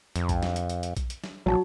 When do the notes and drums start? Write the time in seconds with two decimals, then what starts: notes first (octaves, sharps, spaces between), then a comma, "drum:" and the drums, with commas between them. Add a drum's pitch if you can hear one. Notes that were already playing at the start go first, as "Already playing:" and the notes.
0.16 F2, drum: hi-hat
0.29 drum: kick A#1, hi-hat
0.43 drum: snare
0.56 drum: hi-hat
0.70 drum: hi-hat
0.83 drum: hi-hat
0.97 drum: kick A#1, hi-hat
1.10 drum: hi-hat
1.24 drum: snare
1.46 A#1 F#3 A5